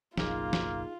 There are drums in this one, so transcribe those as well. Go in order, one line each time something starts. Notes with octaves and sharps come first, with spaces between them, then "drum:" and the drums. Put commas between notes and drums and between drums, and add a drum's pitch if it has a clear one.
F#1 B1 F#2 A#3 D#4 F4 G#4, drum: snare
drum: snare